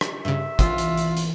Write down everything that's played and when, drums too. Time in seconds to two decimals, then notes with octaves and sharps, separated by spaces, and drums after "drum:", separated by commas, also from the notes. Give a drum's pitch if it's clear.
0.01 drum: rim click
0.25 G2 C#3 E5
0.59 E3 F4 C6 D#6 E6, drum: kick, hi-hat
0.78 drum: hi-hat
0.97 drum: hi-hat
1.17 drum: hi-hat